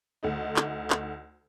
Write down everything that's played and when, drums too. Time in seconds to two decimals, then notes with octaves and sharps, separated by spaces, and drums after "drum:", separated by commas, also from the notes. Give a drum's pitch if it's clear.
0.23 D2 A3 D#4
0.56 drum: clap
0.90 drum: clap